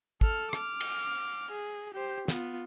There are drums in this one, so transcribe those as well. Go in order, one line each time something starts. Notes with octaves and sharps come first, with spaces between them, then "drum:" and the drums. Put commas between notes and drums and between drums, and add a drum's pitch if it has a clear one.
A4 F6, drum: kick
D6 F6, drum: rim click
drum: cymbal
G#4
G4 C5
B3 F4, drum: snare